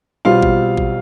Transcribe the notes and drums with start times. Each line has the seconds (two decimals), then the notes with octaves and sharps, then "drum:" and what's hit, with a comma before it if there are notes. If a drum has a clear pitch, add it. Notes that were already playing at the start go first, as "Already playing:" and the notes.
0.25 B1 B2 G3 C4 F4 F5
0.43 drum: kick A1
0.77 drum: kick A1